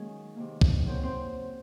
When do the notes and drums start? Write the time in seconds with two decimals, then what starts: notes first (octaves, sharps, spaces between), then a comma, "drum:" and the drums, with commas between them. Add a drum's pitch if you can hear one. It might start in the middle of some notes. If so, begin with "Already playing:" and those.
Already playing: D#3 F#3 G#3 A#3 C#4 G#4
0.36 C3 D#3 A#3
0.61 drum: kick
0.86 C#3 F#3 A#3 C4 C5
1.03 C4 C5